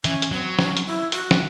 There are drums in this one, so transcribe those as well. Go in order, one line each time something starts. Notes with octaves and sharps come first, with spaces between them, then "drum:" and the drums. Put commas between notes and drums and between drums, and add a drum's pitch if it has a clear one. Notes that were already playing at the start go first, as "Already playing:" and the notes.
E3 C#4, drum: hi-hat
drum: hi-hat
F#3 C4
C#4, drum: snare
drum: hi-hat
E4
F#4, drum: hi-hat
drum: snare